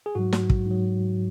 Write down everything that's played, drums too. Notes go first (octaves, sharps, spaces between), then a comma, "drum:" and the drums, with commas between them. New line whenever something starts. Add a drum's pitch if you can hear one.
G#4
G#2 F#3 F#4
drum: snare
drum: kick
G#2 F#3